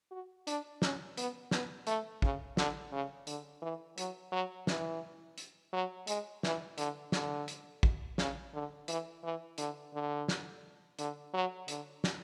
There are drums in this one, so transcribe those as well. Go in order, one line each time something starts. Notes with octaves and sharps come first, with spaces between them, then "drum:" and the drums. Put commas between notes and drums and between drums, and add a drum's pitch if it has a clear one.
F#4
D4, drum: hi-hat
C#4, drum: snare
B3, drum: hi-hat
B3, drum: snare
A3, drum: hi-hat
C#3, drum: kick
D3, drum: snare
C#3
D3, drum: hi-hat
E3
F#3, drum: hi-hat
F#3
E3, drum: snare
drum: hi-hat
F#3
G#3, drum: hi-hat
E3, drum: snare
D3, drum: hi-hat
D3, drum: snare
drum: hi-hat
drum: kick
C#3, drum: snare
D3
E3, drum: hi-hat
E3
D3, drum: hi-hat
D3
drum: snare
D3, drum: hi-hat
F#3
D3, drum: hi-hat
drum: snare